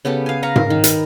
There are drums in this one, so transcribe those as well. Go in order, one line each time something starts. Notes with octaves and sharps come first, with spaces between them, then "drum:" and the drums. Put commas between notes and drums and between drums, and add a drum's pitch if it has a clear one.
C#3 B3 G4 A4
F5 G#5
B4 F5 A#5 C#6
A#4, drum: tom G#2
D#3
A#4 B4, drum: hi-hat